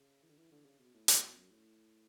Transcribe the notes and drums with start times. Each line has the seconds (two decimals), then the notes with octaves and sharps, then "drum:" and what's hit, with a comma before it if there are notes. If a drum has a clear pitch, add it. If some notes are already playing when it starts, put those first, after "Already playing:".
Already playing: C#3
0.23 E3
0.29 D3
0.37 E3
0.51 D3
0.65 C#3
0.79 B2
0.94 A2
1.08 A2, drum: hi-hat
1.21 B2
1.36 F#2
1.51 A2